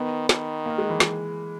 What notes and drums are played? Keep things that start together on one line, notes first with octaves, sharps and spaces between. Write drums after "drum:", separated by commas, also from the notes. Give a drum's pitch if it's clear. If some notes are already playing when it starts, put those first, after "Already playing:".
Already playing: D#3 B3
D#3, drum: snare
A#3
G#3
E3
drum: snare